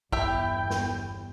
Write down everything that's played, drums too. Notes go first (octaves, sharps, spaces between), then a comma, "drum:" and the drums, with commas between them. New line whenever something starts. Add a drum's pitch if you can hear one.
G1 E2 E4 G4 E5 G5, drum: kick
drum: snare